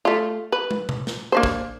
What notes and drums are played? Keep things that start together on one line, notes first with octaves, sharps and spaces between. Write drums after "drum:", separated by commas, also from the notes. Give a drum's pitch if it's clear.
A3 F4
B4
drum: tom
drum: tom B2
drum: snare
A#3 D4 C5
drum: kick